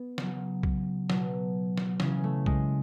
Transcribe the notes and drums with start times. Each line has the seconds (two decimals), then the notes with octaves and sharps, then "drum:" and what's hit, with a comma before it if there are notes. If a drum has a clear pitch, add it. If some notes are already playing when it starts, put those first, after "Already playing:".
Already playing: B3
0.18 C#3 F#3, drum: snare
0.63 drum: kick B1
1.10 B2 F#3, drum: snare
1.78 drum: snare
2.00 C#3 E3 C#4, drum: snare
2.24 A3
2.46 G#3, drum: kick B1